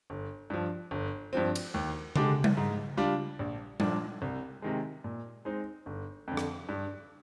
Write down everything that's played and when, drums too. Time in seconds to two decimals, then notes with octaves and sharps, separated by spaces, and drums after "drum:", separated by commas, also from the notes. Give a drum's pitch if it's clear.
0.10 G1
0.50 G2 F3
0.91 G1
1.33 G2 F3 C4
1.55 drum: cymbal
1.74 D#2
2.16 D3 G#3 D4 G4, drum: tom C#3
2.44 drum: tom G3
2.57 G#2
2.97 G3 D4 F4
3.39 A#1
3.80 A#2 F3 A#3 D4, drum: tom G3
4.22 C2
4.62 C3 D#3 G#3
5.04 A#2
5.45 G#3 C4 D#4
5.86 G1
6.28 F2 D3
6.37 drum: rim click
6.69 G2